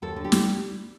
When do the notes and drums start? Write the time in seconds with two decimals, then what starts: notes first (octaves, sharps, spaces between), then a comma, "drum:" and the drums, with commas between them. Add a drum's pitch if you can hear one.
0.02 D#2 A4
0.16 D3
0.24 G4
0.32 G3, drum: snare